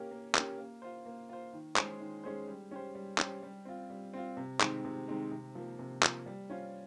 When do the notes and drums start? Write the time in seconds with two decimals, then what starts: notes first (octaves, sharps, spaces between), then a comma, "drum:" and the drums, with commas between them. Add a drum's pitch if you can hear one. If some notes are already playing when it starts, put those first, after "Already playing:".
Already playing: A#3 C#4 G4 A#4
0.11 A#3
0.35 C#4 G4 A#4, drum: clap
0.58 A#3
0.82 F4 C5
1.06 A#3
1.29 F4 C5
1.53 D#3
1.76 G#3 C#4 G#4 C5, drum: clap
2.00 D#3
2.24 G#3 C#4 G#4 C5
2.48 G3
2.71 C#4 G4 C5
2.95 G3
3.18 C#4 G4 C5, drum: clap
3.42 G3
3.65 C4 F4
3.90 G3
4.13 C4 F4
4.37 C3
4.60 D#3 G#3 C4 D#4, drum: clap
4.85 C3
5.08 D#3 G#3 C4 D#4
5.31 C3
5.55 F3 A#3
5.79 C3
6.03 F3 A#3, drum: clap
6.26 G3
6.50 C#4 F4 C5